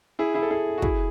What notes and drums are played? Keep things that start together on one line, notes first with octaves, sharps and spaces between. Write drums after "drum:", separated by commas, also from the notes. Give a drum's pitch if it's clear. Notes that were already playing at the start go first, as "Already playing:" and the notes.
E4 G#4
E4 G#4
A4
E4 G#4
F#4
E4 G#4, drum: kick